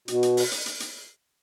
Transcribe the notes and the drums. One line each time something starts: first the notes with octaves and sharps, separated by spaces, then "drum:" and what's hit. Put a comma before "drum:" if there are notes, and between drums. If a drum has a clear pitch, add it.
B2, drum: hi-hat
drum: hi-hat
drum: open hi-hat
drum: hi-hat
drum: hi-hat
drum: hi-hat